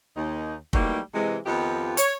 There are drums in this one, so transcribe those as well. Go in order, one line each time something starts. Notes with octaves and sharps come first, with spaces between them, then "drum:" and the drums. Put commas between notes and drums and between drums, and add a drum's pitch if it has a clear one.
D#2 D#4
E3 F#3 G3 A3 A#3 D#4, drum: kick
C3 E3 G#3
F2 D#3 B3 D#4 F4 G4
C#5, drum: hi-hat